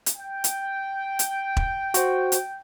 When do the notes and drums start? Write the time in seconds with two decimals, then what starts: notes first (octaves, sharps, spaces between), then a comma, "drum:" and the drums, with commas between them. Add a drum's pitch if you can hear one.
0.06 drum: hi-hat
0.16 G5
0.44 drum: hi-hat
1.19 drum: hi-hat
1.57 drum: kick E1
1.94 F#4 C5, drum: hi-hat
2.32 drum: hi-hat